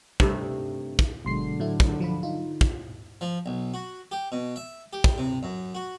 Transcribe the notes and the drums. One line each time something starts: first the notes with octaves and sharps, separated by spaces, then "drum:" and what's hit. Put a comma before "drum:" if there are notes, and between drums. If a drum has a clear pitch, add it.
G2 C3 A3 D#4, drum: kick
drum: kick
G1 B2 D3 F#3 G#3 C6 C7
A2 F#3 A3 E4
drum: kick
F3 F4 B5
D#4 F4
drum: kick
F3
B1
F#4
G4
B2
E5
G4
drum: kick
C3
F#2
F#4